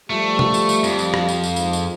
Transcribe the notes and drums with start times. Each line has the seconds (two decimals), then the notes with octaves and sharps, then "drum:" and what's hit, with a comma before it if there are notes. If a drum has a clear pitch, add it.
0.10 F3 G3 A3
0.39 drum: tom C3
0.54 drum: tambourine
0.69 drum: tambourine
0.84 F2, drum: tambourine
0.99 drum: tambourine
1.14 drum: rim click
1.29 drum: tambourine
1.43 drum: tambourine
1.56 G#2, drum: tambourine
1.73 drum: tambourine